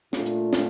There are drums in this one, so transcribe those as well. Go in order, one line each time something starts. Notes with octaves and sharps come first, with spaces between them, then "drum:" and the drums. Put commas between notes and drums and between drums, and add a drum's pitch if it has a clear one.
A#2 A3 D4 F4, drum: snare
drum: hi-hat
drum: snare